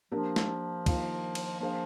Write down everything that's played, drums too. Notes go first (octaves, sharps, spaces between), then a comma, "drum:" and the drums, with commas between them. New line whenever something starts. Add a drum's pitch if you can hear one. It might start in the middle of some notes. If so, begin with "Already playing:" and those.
F3 A#3 D4 G4 A#4
drum: snare
D#3 A#3 F4, drum: kick, cymbal
drum: cymbal
F3 A#3 D4 G#4 C5 F5